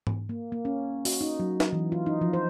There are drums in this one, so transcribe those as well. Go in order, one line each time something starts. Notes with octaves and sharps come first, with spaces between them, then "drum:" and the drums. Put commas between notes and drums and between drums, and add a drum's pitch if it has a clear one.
drum: tom G#2
A#3
A#3
C#4
F#4, drum: open hi-hat
D#4
F#3
drum: snare
E3
F4
D#4
F3
C5